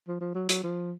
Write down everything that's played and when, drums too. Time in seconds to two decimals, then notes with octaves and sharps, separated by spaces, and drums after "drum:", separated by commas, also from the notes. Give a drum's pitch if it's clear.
0.08 F3
0.21 F3
0.35 F#3
0.49 F#3, drum: hi-hat
0.63 F3